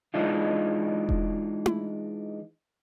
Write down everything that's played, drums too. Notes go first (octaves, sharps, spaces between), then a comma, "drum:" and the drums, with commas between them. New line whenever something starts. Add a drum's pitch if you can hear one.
E3 G#3 D4 D#4 F4
drum: kick E1
drum: tom E4